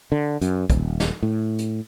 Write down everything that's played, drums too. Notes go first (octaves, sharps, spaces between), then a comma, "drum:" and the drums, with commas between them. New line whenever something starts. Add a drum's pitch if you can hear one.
D3
F#2, drum: hi-hat
D#1, drum: kick, hi-hat
drum: snare
A2
drum: hi-hat